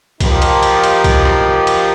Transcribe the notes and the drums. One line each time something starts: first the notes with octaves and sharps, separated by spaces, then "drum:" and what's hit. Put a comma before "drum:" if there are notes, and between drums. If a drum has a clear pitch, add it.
F3 A#3 D#4 G4, drum: kick, cymbal
drum: cymbal
drum: cymbal
drum: cymbal
drum: kick, cymbal
drum: rim click
drum: cymbal